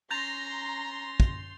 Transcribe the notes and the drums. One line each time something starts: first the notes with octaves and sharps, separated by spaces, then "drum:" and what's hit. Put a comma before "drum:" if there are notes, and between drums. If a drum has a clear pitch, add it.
C#4 A#5 C6 G6 A6 A#6 F7
drum: kick